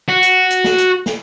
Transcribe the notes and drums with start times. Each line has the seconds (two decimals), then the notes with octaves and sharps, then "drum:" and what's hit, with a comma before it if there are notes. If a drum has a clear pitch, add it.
0.09 F#4
0.23 drum: hi-hat
0.50 drum: hi-hat
0.64 drum: snare
0.78 drum: hi-hat
1.06 drum: snare